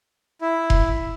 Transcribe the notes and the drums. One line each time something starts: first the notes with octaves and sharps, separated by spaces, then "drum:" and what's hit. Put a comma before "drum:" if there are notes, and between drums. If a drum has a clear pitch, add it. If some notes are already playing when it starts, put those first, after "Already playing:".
E4
drum: kick F1